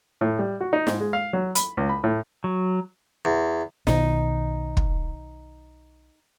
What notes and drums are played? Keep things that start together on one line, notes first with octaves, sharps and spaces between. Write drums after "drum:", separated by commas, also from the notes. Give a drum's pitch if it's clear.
A2
G3
F#4
D#4
G#2, drum: snare
G#3
F5
F#3
B5, drum: hi-hat
C#2
B5
A2
F#3
E2
B1 B2 D#3 D#4, drum: snare
drum: kick